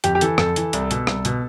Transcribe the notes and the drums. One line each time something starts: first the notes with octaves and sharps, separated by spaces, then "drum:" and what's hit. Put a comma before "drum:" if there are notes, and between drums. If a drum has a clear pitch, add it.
F2 G4, drum: hi-hat
G4
E3 A4, drum: hi-hat
F2 A4, drum: rim click
E3, drum: hi-hat
C2, drum: hi-hat
B2, drum: hi-hat
C2, drum: rim click
B2, drum: hi-hat